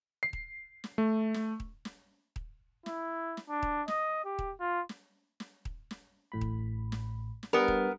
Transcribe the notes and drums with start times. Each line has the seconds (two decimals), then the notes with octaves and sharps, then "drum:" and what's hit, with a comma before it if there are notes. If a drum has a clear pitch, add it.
0.23 C7
0.33 drum: kick D#1
0.84 drum: snare
0.98 A3
1.34 drum: snare
1.60 drum: kick D#1
1.85 drum: snare
2.36 drum: kick D#1
2.86 E4, drum: snare
3.37 drum: snare
3.49 D4
3.63 drum: kick D#1
3.88 D#5, drum: snare
4.25 G4
4.39 drum: kick D#1
4.60 F4
4.89 drum: snare
5.40 drum: snare
5.65 drum: kick D#1
5.91 drum: snare
6.32 A1 A2 B5
6.41 drum: kick D#1
6.92 drum: snare
7.43 drum: snare
7.53 G3 B3 D4 A#4
7.68 drum: kick D#1